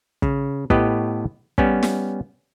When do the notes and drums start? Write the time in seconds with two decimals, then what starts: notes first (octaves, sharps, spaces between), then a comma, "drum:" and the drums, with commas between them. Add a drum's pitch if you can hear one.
0.22 C#3, drum: kick
0.70 A2 B3 G4 B4 D#5, drum: kick
1.58 G3 B3 C#4, drum: kick
1.83 drum: snare